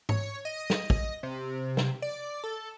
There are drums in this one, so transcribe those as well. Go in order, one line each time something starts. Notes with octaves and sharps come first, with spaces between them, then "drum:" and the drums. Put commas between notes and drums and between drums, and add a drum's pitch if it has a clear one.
C#5, drum: tom G#2
D#5
drum: snare
drum: kick
C3
drum: snare
D5
A4